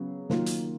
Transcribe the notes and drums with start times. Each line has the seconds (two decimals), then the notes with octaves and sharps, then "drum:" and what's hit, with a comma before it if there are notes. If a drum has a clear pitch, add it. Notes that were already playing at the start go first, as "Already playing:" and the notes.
Already playing: C#3 F#3 B3
0.30 D#3 F#3 A#3 F4, drum: snare
0.46 drum: hi-hat